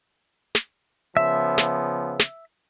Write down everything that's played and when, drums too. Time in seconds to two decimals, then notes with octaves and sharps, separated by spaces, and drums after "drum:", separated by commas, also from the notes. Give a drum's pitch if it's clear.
0.55 drum: snare
1.17 C#3 F3 B3 E5
1.58 drum: snare
2.20 drum: snare